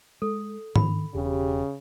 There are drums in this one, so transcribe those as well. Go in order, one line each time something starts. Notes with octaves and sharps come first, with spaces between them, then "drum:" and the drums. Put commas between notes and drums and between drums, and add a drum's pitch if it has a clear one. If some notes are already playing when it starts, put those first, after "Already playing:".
G#3 A4
D#3 B5, drum: tom G#2
E1 C#3 G4